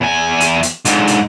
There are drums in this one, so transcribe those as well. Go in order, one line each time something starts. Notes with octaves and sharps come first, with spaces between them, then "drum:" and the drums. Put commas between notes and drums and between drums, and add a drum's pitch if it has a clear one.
E2 G#5
drum: hi-hat
drum: hi-hat
G#2 D3, drum: hi-hat
drum: hi-hat